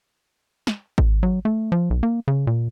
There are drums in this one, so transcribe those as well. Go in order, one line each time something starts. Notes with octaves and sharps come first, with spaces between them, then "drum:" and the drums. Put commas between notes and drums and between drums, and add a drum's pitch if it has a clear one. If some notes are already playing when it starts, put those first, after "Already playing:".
drum: snare
drum: kick G#1
F#3
A3
F3
B1
A#3
C#3
A#2